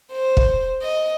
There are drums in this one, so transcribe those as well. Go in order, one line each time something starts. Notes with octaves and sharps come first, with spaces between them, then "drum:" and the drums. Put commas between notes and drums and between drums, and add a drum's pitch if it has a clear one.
C5
drum: kick
D#5